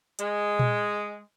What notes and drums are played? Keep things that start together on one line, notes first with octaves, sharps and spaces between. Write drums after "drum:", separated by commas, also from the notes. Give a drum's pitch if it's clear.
G#3, drum: hi-hat
drum: tom A#2